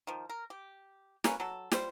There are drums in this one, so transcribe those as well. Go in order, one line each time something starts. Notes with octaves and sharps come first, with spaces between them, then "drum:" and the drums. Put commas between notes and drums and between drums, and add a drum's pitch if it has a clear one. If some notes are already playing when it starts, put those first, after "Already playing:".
D#3 F3
A#4
G4
A#3 C#4 B4, drum: snare
F#3 A4
G3 F4 C5, drum: snare